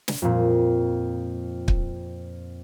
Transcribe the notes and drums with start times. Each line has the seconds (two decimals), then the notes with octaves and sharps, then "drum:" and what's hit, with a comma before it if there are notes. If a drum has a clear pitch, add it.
0.08 drum: snare
0.22 F2 A#2
1.68 drum: kick